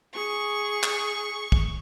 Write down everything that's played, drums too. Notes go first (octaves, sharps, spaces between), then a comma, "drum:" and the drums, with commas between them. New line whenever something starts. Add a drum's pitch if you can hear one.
G#4 C#6
drum: clap
drum: kick